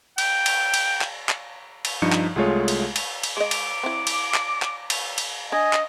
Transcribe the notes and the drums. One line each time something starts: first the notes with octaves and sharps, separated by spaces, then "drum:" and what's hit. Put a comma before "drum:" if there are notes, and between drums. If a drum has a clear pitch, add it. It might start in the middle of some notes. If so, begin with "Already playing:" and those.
G5, drum: cymbal
drum: cymbal
drum: cymbal
drum: clap
drum: clap
drum: cymbal
G2 F3 D#4 C#7
drum: clap
C2 G#3 A3 F4 G#4 C#5
drum: cymbal
drum: cymbal
drum: cymbal
G#3 D#5 D6
drum: cymbal
C4 E4
drum: cymbal
drum: clap
drum: clap
drum: cymbal
drum: cymbal
D4 D#5 G#5
drum: clap